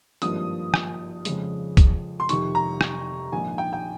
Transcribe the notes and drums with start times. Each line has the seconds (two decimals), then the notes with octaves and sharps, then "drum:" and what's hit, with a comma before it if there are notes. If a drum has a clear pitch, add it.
0.22 G#1 G2 F3 A#3 D#6, drum: hi-hat
0.74 drum: rim click
1.25 F2 C#3 F3 G#3, drum: hi-hat
1.77 drum: kick, hi-hat
2.20 C6
2.29 F2 C3 D#3 C#6, drum: hi-hat
2.55 A#5
2.81 drum: rim click
3.32 A#1 G#2 D#3 G#5
3.58 G5
3.73 G5